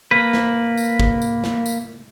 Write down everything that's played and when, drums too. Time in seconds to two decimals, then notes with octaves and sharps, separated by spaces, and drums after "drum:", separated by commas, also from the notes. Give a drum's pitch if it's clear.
0.11 A#3 B4
0.33 drum: snare
0.77 drum: tambourine
1.00 drum: kick
1.22 drum: tambourine
1.44 drum: snare
1.66 drum: tambourine